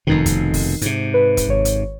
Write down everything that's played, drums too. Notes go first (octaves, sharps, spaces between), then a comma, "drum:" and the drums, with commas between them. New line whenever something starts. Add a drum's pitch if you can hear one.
F1 F2 B2 D#3 D#4 C7
drum: kick, hi-hat
drum: kick, open hi-hat
G#2 C3, drum: hi-hat
B4
drum: kick, hi-hat
G#1 C#5
drum: hi-hat